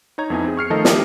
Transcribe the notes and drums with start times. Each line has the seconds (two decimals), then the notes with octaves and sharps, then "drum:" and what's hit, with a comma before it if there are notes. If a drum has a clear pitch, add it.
0.18 D#4 C#5 A#5 G#6
0.30 F2 B3 D#4 E4 G#5
0.44 C4 G#4
0.57 C#6 F6 C7 C#7
0.70 D#3 F3 A3 A4 A#4 D#5
0.85 D#3 G4 D#5 E5 F6, drum: snare